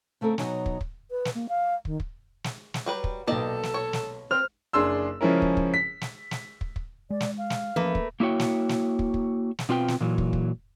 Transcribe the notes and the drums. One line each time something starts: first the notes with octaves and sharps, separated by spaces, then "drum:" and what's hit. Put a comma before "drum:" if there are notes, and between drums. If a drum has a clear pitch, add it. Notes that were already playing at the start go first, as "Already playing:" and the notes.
C#3 A3 C4 A4 A#4
B2 E3 F#3 D#4 C#5 G#5, drum: snare
drum: kick
drum: kick
B4
drum: snare
A#3
F5
D#3, drum: kick
drum: kick
drum: snare
drum: snare
F#3 G3 B4
drum: kick
B1 A#2 D#3 A4 D5 D#5
drum: snare
C#5
drum: snare
C4 C5 F6
F#1 D4 G#4 C6 E6
C#3 F3 G#3 C#4 E4 A#4
drum: kick
drum: kick
B6
drum: snare
drum: snare
drum: kick
drum: kick
G#3 D5
drum: snare
F5
drum: snare
E3 F3 A3 A#3 C#4 B4
drum: kick
A#3 E4 F#4 C#5 G5
drum: snare
drum: snare
drum: kick
drum: kick
drum: snare
B2 C4 F4 B4 G5
drum: snare
A#2 E3 F#3
drum: kick
drum: kick